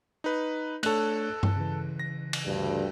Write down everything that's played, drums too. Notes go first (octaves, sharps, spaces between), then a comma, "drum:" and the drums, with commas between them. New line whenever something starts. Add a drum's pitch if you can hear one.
D#4 B4
A3 D4 A4 C#5 F#6, drum: cymbal
drum: tom G2
C#3 E3
A#6
drum: cymbal
D2 G2